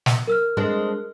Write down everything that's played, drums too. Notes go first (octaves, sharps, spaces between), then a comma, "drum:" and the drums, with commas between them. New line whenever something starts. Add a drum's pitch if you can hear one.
drum: snare
A#4 E6 F6
G#3 C4 D4